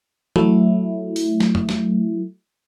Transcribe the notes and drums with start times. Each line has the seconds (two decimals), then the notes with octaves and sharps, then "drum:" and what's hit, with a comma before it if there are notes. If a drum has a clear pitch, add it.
0.36 F#3 A3 E4, drum: tom E3
1.16 drum: open hi-hat
1.40 drum: snare
1.55 drum: tom F2
1.69 drum: snare